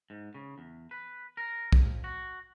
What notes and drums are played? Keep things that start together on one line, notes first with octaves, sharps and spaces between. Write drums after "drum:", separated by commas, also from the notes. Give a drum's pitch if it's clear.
G#2
C#3
E2
B4
A#4
F2, drum: kick
F#4